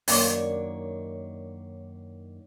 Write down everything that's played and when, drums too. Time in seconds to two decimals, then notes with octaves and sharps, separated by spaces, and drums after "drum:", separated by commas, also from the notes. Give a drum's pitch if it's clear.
0.08 F#2 D#3 A#3 D4 C#5, drum: open hi-hat